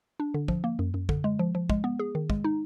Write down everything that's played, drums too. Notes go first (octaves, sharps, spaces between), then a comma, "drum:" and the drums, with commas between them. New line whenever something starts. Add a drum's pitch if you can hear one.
D4
D3
F3, drum: kick
A#3
F#2
F#2
D3, drum: kick
G#3
F3
F3
G#3, drum: kick
B3
G#4
D#3
G#3, drum: kick
D#4